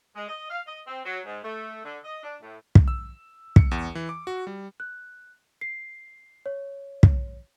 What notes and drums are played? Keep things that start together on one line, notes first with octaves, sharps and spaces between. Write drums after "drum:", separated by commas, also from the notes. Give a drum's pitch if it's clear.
G#3
D#5
F5
D#5
C4
F#3
G#2
A3
D3
D#5
D4
A2
drum: kick
E6
C#7, drum: kick
E2
E3
D6
F#4
G3
F#6
C7
C#5
drum: kick